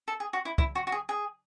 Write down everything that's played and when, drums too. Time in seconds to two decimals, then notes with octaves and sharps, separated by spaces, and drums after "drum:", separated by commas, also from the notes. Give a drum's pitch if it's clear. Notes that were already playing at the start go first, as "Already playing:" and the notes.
0.08 A4
0.20 G#4
0.33 F#4
0.45 E4
0.58 E4, drum: kick
0.75 F#4
0.87 F#4
0.92 G#4
1.09 G#4